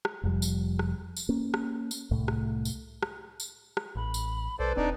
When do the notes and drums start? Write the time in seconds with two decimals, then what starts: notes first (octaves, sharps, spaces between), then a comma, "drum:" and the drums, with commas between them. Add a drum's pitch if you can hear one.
0.05 drum: rim click
0.23 F1 F2 F3 G3
0.42 drum: tambourine
0.79 drum: rim click
1.17 drum: tambourine
1.29 A#3 C#4
1.54 drum: rim click
1.91 drum: tambourine
2.11 C2 A2 A3
2.28 drum: rim click
2.65 drum: tambourine
3.03 drum: rim click
3.40 drum: tambourine
3.77 drum: rim click
3.96 A1 B5
4.14 drum: tambourine
4.59 B1 A4 B4 C5 D5
4.77 E1 C4 D4 D#4 D5